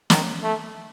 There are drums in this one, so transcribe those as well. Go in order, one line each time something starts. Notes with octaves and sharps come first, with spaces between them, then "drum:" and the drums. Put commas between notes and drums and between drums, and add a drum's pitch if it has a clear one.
D#3, drum: snare
A3